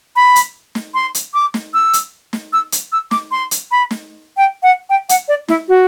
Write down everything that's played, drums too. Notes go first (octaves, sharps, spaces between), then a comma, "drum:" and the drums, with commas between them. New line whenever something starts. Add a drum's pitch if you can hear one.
B5
drum: hi-hat
drum: snare
C6
drum: hi-hat
D6
drum: snare
E6
drum: hi-hat
drum: snare
E6
drum: hi-hat
E6
D6, drum: snare
C6
drum: hi-hat
B5
drum: snare
G5
F#5
G5
F#5, drum: hi-hat
D5
E4, drum: snare
F#4